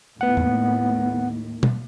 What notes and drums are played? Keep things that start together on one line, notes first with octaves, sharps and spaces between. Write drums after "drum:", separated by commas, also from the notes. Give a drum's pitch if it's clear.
D#2 A2 B3 F#5
drum: tom E2
drum: tom